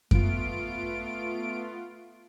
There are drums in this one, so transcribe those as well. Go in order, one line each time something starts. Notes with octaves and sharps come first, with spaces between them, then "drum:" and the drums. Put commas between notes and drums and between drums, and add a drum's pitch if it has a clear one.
A3 B3 F4 D7, drum: kick F#2